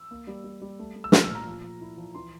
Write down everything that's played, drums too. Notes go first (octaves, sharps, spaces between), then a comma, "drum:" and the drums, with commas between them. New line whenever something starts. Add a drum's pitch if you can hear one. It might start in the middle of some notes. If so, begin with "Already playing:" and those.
Already playing: E6
A#3
G3
G3
G3
A3
A3
E6
A3 F6, drum: snare
E6
A#2
A#5
F3
F3
E4
F3
E3 C6